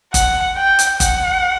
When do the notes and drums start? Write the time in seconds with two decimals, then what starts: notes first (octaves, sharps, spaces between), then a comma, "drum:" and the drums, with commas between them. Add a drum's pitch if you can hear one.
0.14 F#5, drum: kick G1, hi-hat
0.57 G5
0.79 drum: hi-hat
1.00 F#5, drum: kick G1, hi-hat